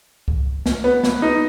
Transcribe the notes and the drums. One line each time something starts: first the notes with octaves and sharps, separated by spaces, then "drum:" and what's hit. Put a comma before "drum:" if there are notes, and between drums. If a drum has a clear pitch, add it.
drum: kick C2
drum: snare
B3
drum: snare
D#4